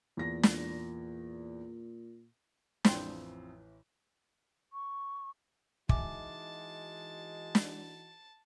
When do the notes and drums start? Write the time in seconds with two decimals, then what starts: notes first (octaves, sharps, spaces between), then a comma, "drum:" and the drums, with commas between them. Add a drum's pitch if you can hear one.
0.17 E2 A#2 A#6
0.43 drum: snare
2.85 A1 F2 E3 F3 C5 G5, drum: snare
4.73 C#6
5.89 E3 G#3 D#4 F#4 E5 G#5 A5 D6, drum: kick
7.55 drum: snare